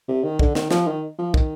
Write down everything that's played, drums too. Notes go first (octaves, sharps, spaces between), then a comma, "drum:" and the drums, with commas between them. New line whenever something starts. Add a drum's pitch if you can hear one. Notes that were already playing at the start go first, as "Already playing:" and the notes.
C3
D#3
D3, drum: kick
D#3, drum: snare
F3, drum: snare
D#3
F3
D#3, drum: kick